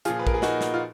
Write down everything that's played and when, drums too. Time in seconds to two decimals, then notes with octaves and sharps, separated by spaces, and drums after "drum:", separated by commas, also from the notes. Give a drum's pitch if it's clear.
0.05 A#2 F3 F4 G#4, drum: hi-hat
0.19 B4
0.27 A#4, drum: kick A#1
0.34 G#4
0.42 D#4 F#4, drum: snare
0.61 drum: snare
0.74 F4